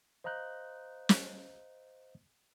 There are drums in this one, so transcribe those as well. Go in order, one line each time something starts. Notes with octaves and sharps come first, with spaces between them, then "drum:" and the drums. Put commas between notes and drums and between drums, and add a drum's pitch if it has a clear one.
C5 D#5 F5 A#5 F#6 G6
drum: snare